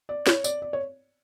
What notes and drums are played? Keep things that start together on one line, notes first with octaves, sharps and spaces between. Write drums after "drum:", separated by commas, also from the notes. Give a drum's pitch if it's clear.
D5
C#5, drum: snare
D5, drum: tambourine
D5
C#5